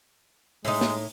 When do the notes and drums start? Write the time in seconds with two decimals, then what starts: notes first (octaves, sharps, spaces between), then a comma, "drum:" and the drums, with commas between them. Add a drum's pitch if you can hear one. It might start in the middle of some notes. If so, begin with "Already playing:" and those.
0.65 A2 G#3 D#4, drum: open hi-hat
0.81 drum: snare